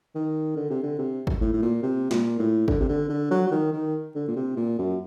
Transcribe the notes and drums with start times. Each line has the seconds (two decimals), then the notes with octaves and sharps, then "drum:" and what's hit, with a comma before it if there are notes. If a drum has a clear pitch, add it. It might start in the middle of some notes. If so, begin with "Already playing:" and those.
0.15 D#3
0.56 D3
0.70 C3
0.83 D3
0.99 C3
1.27 drum: kick
1.41 A2
1.53 A2
1.62 A#2
1.83 C3
2.11 A#2, drum: snare
2.39 A2
2.68 D3, drum: kick
2.81 C3
2.89 D3
3.10 D3
3.31 F#3
3.47 F#3
3.52 D#3
3.73 D#3
4.15 D3
4.28 A#2
4.36 C3
4.57 A#2
4.78 F#2